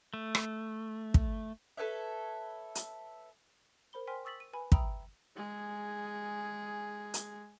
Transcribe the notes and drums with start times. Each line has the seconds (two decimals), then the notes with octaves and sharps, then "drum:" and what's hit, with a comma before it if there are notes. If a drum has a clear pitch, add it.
0.14 A3
0.35 drum: rim click
1.14 drum: kick
1.77 A4 B4 C#5 E5
2.75 drum: hi-hat
3.93 A#4 C5 B5 G7
4.07 C5 G5 G#5 C6 F6 B6
4.25 C#6 D#6 E6 A6 B6 F#7
4.40 D#7
4.53 B4 G#5 B5
4.72 E5 G5 A#5 B5 D#6 E6, drum: kick
5.36 G#3 G#4
7.14 drum: hi-hat